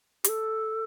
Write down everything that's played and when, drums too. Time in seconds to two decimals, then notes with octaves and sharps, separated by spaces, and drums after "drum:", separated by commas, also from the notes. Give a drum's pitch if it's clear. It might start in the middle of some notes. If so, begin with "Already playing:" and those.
0.24 G4, drum: hi-hat
0.29 A4